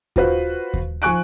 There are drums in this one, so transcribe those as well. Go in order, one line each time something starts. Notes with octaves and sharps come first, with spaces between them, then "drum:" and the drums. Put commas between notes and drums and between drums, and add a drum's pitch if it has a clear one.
F4 F#4 B4 C5, drum: kick D#2
drum: kick D#2
F3 G#5 C#6 F#6 D7